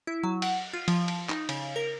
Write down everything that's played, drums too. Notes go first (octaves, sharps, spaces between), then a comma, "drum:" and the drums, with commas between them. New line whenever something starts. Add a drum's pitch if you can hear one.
E4
F#3
F#5, drum: cymbal
F4
F3, drum: cymbal
drum: cymbal
D#4, drum: clap
C#3, drum: cymbal
A#4